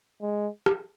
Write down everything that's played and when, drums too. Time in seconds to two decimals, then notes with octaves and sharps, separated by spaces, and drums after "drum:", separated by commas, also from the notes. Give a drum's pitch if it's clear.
0.22 G#3
0.66 drum: rim click